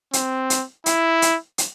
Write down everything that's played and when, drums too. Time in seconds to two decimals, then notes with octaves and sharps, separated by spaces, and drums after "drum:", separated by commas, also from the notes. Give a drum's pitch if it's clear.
0.13 C4, drum: hi-hat
0.50 drum: hi-hat
0.86 E4, drum: hi-hat
1.22 drum: hi-hat
1.58 drum: hi-hat